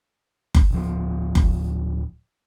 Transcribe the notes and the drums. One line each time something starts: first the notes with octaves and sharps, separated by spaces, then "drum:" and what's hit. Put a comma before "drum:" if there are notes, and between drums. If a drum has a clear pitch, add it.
drum: kick F#1
D1 F3
drum: kick F#1